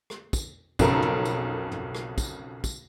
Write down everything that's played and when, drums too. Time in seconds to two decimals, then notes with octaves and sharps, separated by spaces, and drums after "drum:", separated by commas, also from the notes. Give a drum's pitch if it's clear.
0.10 drum: rim click
0.33 drum: kick, tambourine
0.79 B1 F2 C#3 A4 A#4, drum: kick, tambourine
1.02 drum: tom
1.25 drum: tambourine
1.72 drum: tom
1.95 drum: rim click
2.18 drum: kick, tambourine
2.64 drum: kick, tambourine